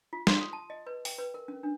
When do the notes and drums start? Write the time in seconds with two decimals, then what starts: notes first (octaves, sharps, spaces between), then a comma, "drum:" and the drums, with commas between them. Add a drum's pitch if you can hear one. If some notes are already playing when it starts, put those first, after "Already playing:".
0.13 F4
0.27 C6, drum: snare
0.41 D#6
0.53 A5
0.70 D#5
0.87 B4
1.05 G5, drum: open hi-hat
1.18 B4
1.34 A#4
1.48 C#4
1.63 D4